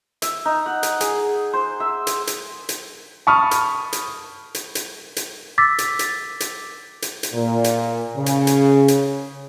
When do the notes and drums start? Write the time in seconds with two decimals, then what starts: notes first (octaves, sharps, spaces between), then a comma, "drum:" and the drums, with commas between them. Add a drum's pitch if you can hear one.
0.22 E5, drum: hi-hat
0.45 D#4
0.66 F#5
0.83 drum: hi-hat
1.01 G#4, drum: hi-hat
1.53 C5
1.80 E5
2.07 drum: hi-hat
2.27 drum: hi-hat
2.69 drum: hi-hat
3.27 A5 B5 C#6 D#6 F6
3.51 drum: hi-hat
3.93 drum: hi-hat
4.55 drum: hi-hat
4.75 drum: hi-hat
5.17 drum: hi-hat
5.58 D6 E6 A6 B6
5.78 drum: hi-hat
5.99 drum: hi-hat
6.40 drum: hi-hat
7.02 drum: hi-hat
7.23 drum: hi-hat
7.34 A#2
7.64 drum: hi-hat
8.17 C#3
8.26 drum: hi-hat
8.47 drum: hi-hat
8.88 drum: hi-hat